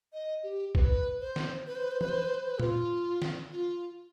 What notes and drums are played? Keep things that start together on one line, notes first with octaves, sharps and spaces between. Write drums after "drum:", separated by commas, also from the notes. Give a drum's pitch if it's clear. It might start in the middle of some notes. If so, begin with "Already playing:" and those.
D#5
G4
B4, drum: kick A#1
C5
drum: snare
B4
C5
B4
C5
B4, drum: tom
C5
B4
C5
B4
C5
B4
F4, drum: tom A#2
drum: snare
F4